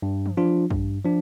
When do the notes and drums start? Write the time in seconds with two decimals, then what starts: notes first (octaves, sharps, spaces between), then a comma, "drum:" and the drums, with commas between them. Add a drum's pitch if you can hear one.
0.02 G2
0.26 drum: tom E3
0.37 F3 D4 F4
0.70 G2, drum: kick
1.04 F3 D4